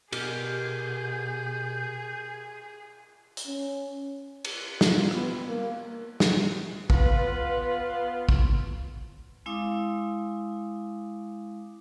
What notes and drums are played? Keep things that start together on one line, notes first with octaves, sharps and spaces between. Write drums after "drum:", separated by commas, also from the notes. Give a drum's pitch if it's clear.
B2 G4 G#4 A#4 F6 G6, drum: cymbal
drum: hi-hat
C#4
drum: cymbal
F4, drum: snare
B3, drum: rim click
G3
A#3
drum: snare
B3 F4 B4, drum: kick
drum: kick
G#3 C4 E4 F5 D6 D#6